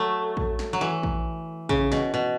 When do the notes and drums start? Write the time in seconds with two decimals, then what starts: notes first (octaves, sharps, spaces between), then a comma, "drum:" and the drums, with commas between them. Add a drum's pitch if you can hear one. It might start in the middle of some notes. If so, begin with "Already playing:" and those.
Already playing: F#3 A3
0.37 drum: kick A#1
0.59 drum: snare
0.73 F#3
0.81 E3
1.03 drum: kick A#1
1.69 C#3, drum: kick A#1
1.92 B2, drum: snare
2.14 B2